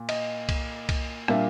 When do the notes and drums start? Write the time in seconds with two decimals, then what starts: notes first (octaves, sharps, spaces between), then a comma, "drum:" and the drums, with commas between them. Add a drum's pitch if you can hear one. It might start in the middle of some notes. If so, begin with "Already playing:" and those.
Already playing: A#2
0.09 D#5, drum: cymbal
0.49 drum: kick C2, cymbal
0.89 drum: kick C2, cymbal
1.28 A#2 G3 A#3 D4 E5, drum: rim click